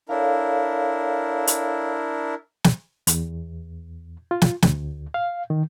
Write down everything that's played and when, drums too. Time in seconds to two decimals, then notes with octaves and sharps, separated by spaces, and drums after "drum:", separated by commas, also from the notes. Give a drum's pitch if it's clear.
0.09 D4 E4 A4 A#4 C#5 F5
1.47 drum: hi-hat
2.64 drum: snare
3.07 E2, drum: hi-hat
4.31 F4
4.42 drum: snare
4.62 D2, drum: snare
5.14 F5
5.50 D#3